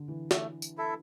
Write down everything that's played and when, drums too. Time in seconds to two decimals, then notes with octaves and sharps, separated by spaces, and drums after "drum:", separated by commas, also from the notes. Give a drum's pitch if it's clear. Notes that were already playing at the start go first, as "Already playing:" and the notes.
Already playing: D3
0.08 E3
0.31 A3, drum: snare
0.62 drum: tambourine
0.78 E4 A4 E5